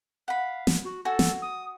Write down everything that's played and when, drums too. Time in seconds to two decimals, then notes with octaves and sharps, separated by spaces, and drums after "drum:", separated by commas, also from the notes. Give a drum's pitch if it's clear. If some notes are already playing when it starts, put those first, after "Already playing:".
0.28 F5 F#5 B5
0.67 drum: snare
0.84 F#4
1.05 F#4 A4 G#5
1.19 drum: snare
1.42 D#6